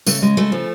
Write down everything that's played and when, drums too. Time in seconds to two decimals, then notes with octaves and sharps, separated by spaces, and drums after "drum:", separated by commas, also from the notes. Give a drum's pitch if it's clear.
0.06 C#3 A3, drum: tambourine
0.22 G#3
0.37 C#3 A3
0.52 F3